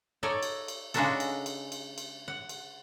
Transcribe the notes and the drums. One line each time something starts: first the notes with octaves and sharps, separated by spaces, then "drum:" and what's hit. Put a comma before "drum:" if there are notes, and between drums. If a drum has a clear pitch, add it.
D#4 A4 C#5 D5
drum: cymbal
drum: cymbal
C#3 G#3 D4 D#4 F#4 A4, drum: cymbal
drum: cymbal
drum: cymbal
drum: cymbal
drum: cymbal
F#5
drum: cymbal